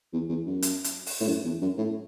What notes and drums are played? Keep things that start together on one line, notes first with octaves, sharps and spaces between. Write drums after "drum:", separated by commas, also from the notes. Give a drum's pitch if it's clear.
E2
E2
F#2
drum: hi-hat
drum: hi-hat
drum: open hi-hat
A2
F#2
E2
F#2
A2